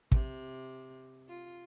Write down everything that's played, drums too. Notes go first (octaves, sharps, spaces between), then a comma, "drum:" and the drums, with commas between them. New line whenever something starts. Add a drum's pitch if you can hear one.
C3, drum: kick
F4